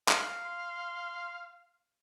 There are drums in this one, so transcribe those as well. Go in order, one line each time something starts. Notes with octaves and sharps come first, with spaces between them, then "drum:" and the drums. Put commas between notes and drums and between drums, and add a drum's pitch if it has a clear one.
F5, drum: clap
C6